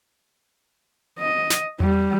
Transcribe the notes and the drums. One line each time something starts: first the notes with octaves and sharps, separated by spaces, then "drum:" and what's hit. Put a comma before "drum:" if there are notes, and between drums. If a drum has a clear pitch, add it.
D#5
drum: snare
G3, drum: tom E2